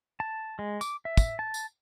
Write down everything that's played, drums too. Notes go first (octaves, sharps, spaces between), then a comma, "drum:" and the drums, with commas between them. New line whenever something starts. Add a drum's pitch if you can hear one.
A5
G#3
D6, drum: tambourine
E5
drum: kick, tambourine
A5
drum: tambourine